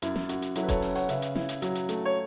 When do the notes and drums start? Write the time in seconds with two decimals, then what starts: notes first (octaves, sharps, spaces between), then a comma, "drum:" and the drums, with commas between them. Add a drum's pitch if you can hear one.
0.02 F#2 E4, drum: hi-hat
0.16 drum: snare
0.29 F#2 F#4, drum: hi-hat
0.42 drum: hi-hat
0.55 F#3 E4 A4, drum: hi-hat
0.63 B4
0.69 A4 C#5, drum: kick E1, hi-hat
0.82 C#4, drum: open hi-hat
0.95 C#5 F#5, drum: open hi-hat
1.09 C#3 B4 E5, drum: hi-hat
1.22 drum: hi-hat
1.35 E4, drum: snare
1.49 drum: hi-hat
1.62 F#3, drum: hi-hat
1.75 drum: hi-hat
1.89 A3, drum: hi-hat
2.05 C#5